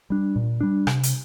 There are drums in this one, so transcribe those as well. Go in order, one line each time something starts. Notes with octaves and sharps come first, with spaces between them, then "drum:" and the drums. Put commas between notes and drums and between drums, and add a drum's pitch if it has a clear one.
G3 D4
A#2
G3 D4
C3, drum: rim click
drum: hi-hat